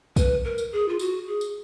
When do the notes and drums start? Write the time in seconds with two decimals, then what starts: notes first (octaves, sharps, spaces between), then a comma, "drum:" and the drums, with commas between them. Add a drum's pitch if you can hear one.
0.16 B4, drum: kick, tambourine
0.44 A#4
0.58 drum: tambourine
0.72 G#4
0.88 F4
0.99 F#4, drum: tambourine
1.28 G#4
1.41 drum: tambourine